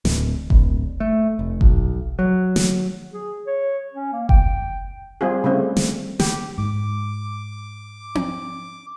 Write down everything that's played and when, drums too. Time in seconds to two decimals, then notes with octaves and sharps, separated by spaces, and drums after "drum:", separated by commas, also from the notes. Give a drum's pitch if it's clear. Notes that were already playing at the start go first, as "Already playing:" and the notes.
0.05 D1, drum: snare
0.50 D1, drum: kick F#1
1.00 A3
1.39 F1
1.61 B1, drum: kick F#1
2.19 F#3
2.56 drum: snare
3.13 G#4
3.47 C#5
3.93 C#4
4.13 A#3
4.29 G5, drum: kick F#1
5.21 G3 C4 F4 G#4
5.44 C#3 G3 A3 C4
5.77 drum: snare
6.20 G4, drum: snare
6.58 G#2 D6
8.15 drum: tom C4